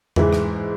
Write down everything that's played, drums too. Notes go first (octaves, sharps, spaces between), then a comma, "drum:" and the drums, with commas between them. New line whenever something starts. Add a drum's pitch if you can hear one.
G#2 E3 E4, drum: tom E2
drum: rim click